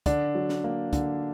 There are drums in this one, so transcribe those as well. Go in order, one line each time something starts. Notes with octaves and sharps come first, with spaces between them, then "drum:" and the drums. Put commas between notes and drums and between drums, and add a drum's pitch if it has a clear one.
D3 D4, drum: kick, hi-hat
F#3
drum: snare
A#3
D3, drum: kick, hi-hat